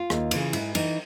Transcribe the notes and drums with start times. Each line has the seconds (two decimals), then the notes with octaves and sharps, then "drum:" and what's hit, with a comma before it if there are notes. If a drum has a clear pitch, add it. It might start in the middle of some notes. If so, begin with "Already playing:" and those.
Already playing: F4
0.10 D#2, drum: rim click
0.31 C#3 E3, drum: cymbal
0.53 G#2 E4, drum: cymbal
0.75 E3 D#4, drum: cymbal